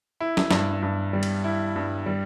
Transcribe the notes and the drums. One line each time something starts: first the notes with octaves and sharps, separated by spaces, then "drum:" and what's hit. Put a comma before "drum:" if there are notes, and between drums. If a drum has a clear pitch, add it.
E4
drum: snare
G2, drum: snare
G2
G3
drum: cymbal
E4
G2
G3